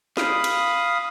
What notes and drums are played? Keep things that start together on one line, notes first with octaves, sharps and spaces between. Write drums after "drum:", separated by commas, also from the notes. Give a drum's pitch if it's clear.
F5 B5 D#6, drum: snare
drum: cymbal